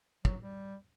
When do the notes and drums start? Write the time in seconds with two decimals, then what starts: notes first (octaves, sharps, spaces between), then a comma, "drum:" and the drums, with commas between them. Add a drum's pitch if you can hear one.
0.25 F#3, drum: kick
0.42 G3